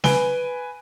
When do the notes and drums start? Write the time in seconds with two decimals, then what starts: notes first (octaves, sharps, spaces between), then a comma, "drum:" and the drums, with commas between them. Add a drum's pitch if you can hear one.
0.04 B4 G#5 D7 G7, drum: snare